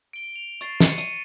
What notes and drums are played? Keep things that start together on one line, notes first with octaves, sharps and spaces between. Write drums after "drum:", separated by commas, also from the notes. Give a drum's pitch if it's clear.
D7 G7
F7
C#6 A6 C7, drum: hi-hat
C#7 D#7, drum: snare
D#7, drum: hi-hat